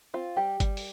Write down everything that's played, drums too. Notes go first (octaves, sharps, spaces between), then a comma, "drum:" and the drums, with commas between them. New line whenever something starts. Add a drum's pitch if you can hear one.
C4 F4
G3 G4
G3, drum: kick G1, hi-hat
drum: open hi-hat